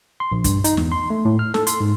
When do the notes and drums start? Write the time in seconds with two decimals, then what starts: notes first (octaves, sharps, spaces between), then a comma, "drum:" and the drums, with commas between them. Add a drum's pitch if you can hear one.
0.20 C6
0.32 A#1
0.44 G2, drum: kick, hi-hat
0.64 D#4, drum: hi-hat
0.77 E2, drum: snare
0.92 C6
1.10 A3
1.25 A2
1.39 F6
1.54 A4, drum: snare
1.67 C6, drum: hi-hat
1.80 G#2